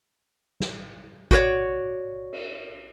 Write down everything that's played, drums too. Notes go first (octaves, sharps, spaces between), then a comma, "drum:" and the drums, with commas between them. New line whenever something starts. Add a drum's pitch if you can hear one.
drum: snare
F#4 G4 B4 C#5 D5, drum: kick
drum: cymbal